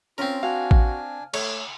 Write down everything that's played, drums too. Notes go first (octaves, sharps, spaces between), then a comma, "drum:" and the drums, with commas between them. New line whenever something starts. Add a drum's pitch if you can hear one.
C4 C#4 F4 A#4
D4 F#4 F5 G#5
drum: kick A1
A3 C#5, drum: cymbal